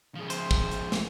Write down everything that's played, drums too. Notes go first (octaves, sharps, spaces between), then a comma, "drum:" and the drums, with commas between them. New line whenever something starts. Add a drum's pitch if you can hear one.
F3 G#3
C5, drum: hi-hat
drum: kick
drum: hi-hat
drum: snare